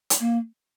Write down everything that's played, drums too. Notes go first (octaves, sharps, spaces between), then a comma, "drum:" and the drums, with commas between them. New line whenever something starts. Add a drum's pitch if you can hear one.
drum: hi-hat
A#3